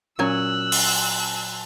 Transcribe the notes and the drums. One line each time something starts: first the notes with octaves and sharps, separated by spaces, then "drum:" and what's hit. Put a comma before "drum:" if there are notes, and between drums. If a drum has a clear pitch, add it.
A#2 F#3 C#4 G#5 E6 F#6
drum: open hi-hat